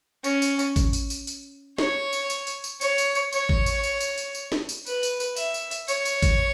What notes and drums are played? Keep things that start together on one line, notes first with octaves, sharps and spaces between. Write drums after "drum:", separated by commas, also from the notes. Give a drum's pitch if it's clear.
C#4, drum: tambourine
drum: tambourine
drum: tambourine
drum: kick G#1, tambourine
drum: tambourine
drum: tambourine
drum: tambourine
C#5, drum: snare
drum: tambourine
drum: tambourine
drum: tambourine
drum: tambourine
C#5, drum: tambourine
drum: tambourine
drum: tambourine
C#5, drum: tambourine
drum: kick G#1
drum: tambourine
drum: tambourine
drum: tambourine
drum: tambourine
drum: tambourine
drum: snare
drum: tambourine
B4, drum: tambourine
drum: tambourine
drum: tambourine
E5, drum: tambourine
drum: tambourine
drum: tambourine
C#5, drum: tambourine
drum: tambourine
drum: kick G#1, tambourine